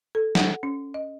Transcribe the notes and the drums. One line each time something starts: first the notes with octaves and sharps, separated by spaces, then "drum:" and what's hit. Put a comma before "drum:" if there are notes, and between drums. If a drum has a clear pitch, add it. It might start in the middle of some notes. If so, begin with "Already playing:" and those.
A4
F#5, drum: snare
C#4
D#5